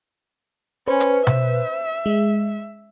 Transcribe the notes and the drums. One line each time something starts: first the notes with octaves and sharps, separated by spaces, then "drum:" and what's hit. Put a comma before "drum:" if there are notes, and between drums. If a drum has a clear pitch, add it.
C#4 B4 C5
drum: hi-hat
E5, drum: tom B2
G#3